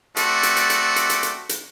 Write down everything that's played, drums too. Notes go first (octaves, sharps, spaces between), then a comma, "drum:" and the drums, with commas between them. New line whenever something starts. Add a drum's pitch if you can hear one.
A3 C4 F#4 D5, drum: hi-hat
drum: hi-hat
drum: hi-hat
drum: hi-hat
drum: hi-hat
drum: hi-hat
drum: hi-hat
drum: hi-hat